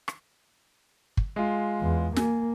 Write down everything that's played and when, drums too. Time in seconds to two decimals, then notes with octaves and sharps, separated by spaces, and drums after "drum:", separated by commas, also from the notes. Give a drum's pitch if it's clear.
0.08 drum: rim click
1.17 drum: kick
1.36 G#3 F4
1.82 E2
2.16 A#3 G#5, drum: snare